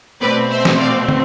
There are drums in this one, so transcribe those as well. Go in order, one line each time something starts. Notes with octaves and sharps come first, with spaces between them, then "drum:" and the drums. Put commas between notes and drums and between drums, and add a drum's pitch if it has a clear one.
B2 A3 C4 B4 D5
C5 E5
drum: snare
D5 F5
drum: tom